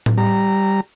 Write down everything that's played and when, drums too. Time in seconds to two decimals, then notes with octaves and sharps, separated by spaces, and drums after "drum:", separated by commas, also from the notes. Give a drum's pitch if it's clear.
0.06 drum: tom A2
0.18 G3 A#5